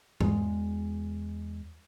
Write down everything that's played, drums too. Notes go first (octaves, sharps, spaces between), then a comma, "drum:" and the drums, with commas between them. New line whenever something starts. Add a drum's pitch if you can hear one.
E2 G#3, drum: tom G#2